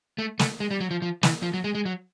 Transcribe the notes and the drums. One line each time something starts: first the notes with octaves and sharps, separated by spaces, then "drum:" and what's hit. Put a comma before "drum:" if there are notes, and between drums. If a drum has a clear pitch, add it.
A3
A3, drum: snare
G#3
G3
F#3
F3
F3
E3, drum: snare
F3
F#3
G#3
G#3
F#3